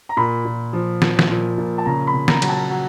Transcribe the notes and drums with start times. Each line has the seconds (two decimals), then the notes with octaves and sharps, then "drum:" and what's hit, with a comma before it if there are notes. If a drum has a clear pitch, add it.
0.09 A#5
0.17 A#2 B5
0.45 A#2
0.73 F3
1.02 F3, drum: snare
1.19 drum: snare
1.29 A#2
1.58 A#2
1.78 A5
1.85 C#3 A#5
2.07 B5
2.14 C#3
2.28 A#5, drum: snare
2.42 F#3, drum: cymbal
2.49 A5
2.70 F#3